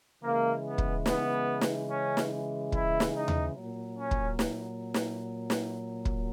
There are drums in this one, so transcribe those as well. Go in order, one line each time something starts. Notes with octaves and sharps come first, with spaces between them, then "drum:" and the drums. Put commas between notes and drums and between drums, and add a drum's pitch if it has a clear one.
C#3 E3 G#3 A#3
B3
drum: kick
B3, drum: snare
drum: snare
C#4
drum: snare
E4, drum: kick
drum: snare
D#4
drum: tom D#2
A#2 F#3
C#4
drum: kick
drum: snare
drum: snare
drum: snare
drum: kick